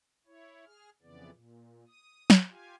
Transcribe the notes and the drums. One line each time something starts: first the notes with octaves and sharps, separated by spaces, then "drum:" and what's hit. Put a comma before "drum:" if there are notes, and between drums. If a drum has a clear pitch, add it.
E4 C#5
G#4 F6
F2 C#3 E3 B3 D5
A#2
D#6
drum: snare
F4 G4 F5 G#5